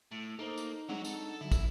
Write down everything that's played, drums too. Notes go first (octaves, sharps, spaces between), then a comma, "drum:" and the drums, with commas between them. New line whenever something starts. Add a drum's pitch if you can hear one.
A2
A#3 D#4 A4 C5
drum: tambourine
F#3 G#3 C4 D4 F#5
A4, drum: tambourine
D3 F#3 E4
drum: kick, tambourine